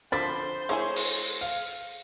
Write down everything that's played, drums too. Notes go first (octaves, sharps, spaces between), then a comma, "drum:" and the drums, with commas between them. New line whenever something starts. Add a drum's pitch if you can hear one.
D3 F3 C4 C5 B5 A6 B6
G#3 E4 G#4 C#5
drum: open hi-hat
F5